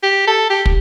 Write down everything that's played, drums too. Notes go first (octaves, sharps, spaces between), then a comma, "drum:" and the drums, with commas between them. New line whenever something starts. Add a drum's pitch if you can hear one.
G4
A4
G4
drum: kick